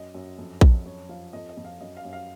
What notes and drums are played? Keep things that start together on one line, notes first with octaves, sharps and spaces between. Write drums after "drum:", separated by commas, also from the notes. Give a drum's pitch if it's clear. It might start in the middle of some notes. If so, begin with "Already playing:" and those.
Already playing: F#2 D#5
F#2
F2
F2, drum: kick A#1
F#2 C#5
F3 F5
F2 D#5
D#5
F2
F5
F#2 D#5
F5
F#2
F5